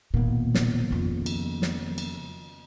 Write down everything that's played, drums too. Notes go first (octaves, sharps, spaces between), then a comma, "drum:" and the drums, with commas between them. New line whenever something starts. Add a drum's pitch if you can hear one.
E1 A#2 D#3 A#3 B3
drum: snare
F2 C#3
drum: cymbal
drum: snare
drum: cymbal